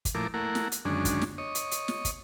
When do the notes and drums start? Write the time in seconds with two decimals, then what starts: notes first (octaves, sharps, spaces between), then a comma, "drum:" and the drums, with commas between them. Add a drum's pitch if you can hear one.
0.05 drum: kick, hi-hat
0.15 A#2 F3 A3 E4 A#4 D6
0.34 A3 A#3 E4 A#4 F#5
0.55 drum: snare
0.72 drum: hi-hat
0.85 F#2 D3 D#3 G#3 C#4 D4
1.05 drum: kick, hi-hat
1.22 drum: snare
1.38 C#5 D#5
1.55 drum: hi-hat
1.71 drum: hi-hat
1.88 drum: snare
2.05 drum: kick, hi-hat